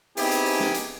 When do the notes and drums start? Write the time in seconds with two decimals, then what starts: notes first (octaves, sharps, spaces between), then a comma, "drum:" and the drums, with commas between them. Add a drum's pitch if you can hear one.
0.17 B3 C4 D#4 E4 G4 G#4, drum: open hi-hat
0.31 drum: hi-hat
0.46 drum: open hi-hat
0.60 drum: snare
0.74 drum: hi-hat